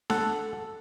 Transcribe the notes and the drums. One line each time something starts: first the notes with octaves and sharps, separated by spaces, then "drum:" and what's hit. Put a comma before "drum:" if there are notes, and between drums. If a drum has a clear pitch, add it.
A4 F#5, drum: snare D4